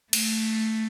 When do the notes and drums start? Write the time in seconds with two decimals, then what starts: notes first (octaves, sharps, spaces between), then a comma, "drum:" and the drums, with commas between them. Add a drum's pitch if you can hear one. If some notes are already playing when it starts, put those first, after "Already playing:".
0.13 A3, drum: cymbal